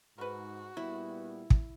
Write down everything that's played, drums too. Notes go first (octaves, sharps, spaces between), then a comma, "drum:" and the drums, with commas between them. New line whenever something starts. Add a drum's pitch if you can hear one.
G#2 F#4 A#4 B4
A#2 G3 B3 E4
drum: kick